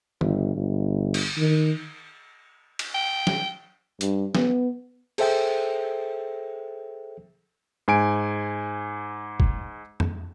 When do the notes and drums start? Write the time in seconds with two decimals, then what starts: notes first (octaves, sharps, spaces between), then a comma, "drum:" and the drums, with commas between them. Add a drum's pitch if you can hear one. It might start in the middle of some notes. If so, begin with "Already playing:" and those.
0.21 G1, drum: tom D#3
0.56 G1
1.14 drum: cymbal
1.37 D#3
2.79 drum: cymbal
2.94 G5
3.27 drum: snare
4.01 G2, drum: hi-hat
4.35 B3, drum: snare
5.18 G#4 A4 C5 E5 G5, drum: cymbal
7.88 G#2 G#5 D7
9.40 drum: kick
10.00 drum: tom F2